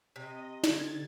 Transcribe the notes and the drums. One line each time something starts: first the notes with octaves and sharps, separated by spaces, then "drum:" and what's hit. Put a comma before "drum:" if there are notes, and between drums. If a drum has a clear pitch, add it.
C3 D#5
D3 D#4 G#6 A6, drum: snare